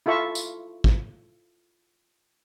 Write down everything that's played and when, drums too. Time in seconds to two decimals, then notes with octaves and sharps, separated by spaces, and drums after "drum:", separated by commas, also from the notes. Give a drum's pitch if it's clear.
0.06 E4 F4 A4 E5 C#6
0.35 drum: tambourine
0.84 drum: kick